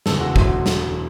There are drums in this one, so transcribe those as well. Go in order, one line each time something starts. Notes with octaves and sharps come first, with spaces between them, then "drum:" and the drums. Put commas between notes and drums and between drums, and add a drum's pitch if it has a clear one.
F#1 E2 D3 G#3 A4, drum: snare
F#4
E1 D2 D3 F#3 A3 F#4, drum: kick
drum: snare